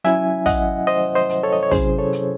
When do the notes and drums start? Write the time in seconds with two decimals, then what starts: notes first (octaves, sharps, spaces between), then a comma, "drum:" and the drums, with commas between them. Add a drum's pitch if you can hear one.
0.04 F#3 C#4 E4 E5 G#5, drum: hi-hat
0.46 D#5 F#5, drum: kick, open hi-hat
0.87 C5 D#5
1.15 C5 D#5
1.29 drum: hi-hat
1.43 A4 C#5
1.53 D#5
1.63 C#5
1.71 C3 F#3 C#4 E4 G#4 C5, drum: kick, open hi-hat
1.99 A4 C#5
2.13 drum: hi-hat